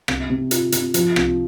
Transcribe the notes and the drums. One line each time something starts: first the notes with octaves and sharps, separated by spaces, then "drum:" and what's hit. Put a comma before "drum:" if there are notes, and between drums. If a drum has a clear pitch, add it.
C3, drum: rim click
C3
F4, drum: hi-hat
C3, drum: hi-hat
F3, drum: hi-hat
C3, drum: rim click